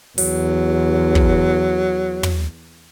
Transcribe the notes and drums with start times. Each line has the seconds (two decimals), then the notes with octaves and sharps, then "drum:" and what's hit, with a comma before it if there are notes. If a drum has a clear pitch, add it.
0.18 E2 F#3, drum: open hi-hat
1.15 drum: kick
2.23 drum: tom